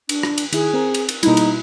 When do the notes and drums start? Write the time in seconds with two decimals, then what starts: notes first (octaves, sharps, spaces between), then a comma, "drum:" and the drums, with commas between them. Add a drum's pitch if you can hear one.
0.09 D4, drum: cymbal
0.23 drum: rim click
0.38 drum: cymbal
0.53 D#3 E4 G#4, drum: cymbal
0.74 C4 A#4
0.94 drum: cymbal
1.09 drum: cymbal
1.23 B2 G3 A#3 D#4 E4, drum: cymbal
1.37 drum: cymbal